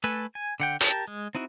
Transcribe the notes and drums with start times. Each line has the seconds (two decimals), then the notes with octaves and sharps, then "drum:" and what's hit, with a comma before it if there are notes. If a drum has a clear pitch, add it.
0.04 A3 A4 B4 G#5
0.35 G#5
0.60 D3 F#5 G5
0.81 G4 A#4 A5, drum: hi-hat
1.07 G#3
1.35 C4 D#4 E4 F#4